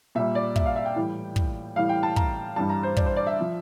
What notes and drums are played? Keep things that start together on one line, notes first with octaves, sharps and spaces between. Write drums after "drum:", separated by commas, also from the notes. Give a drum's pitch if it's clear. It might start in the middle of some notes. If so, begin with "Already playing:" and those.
A#2 G3 E5
D5
E5, drum: kick
F5
E5
G5
A2 E3 G3
drum: kick
A2 E3 G3 F5
G5
A5
A#5, drum: kick
G2 E3 G3 A5
A#5
C5
D5, drum: kick
C5
D5
E5
F3